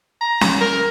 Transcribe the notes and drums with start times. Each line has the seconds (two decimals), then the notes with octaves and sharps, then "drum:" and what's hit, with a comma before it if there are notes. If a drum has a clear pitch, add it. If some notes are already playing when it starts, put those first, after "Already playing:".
0.21 A#5
0.41 drum: snare C#4
0.61 A#4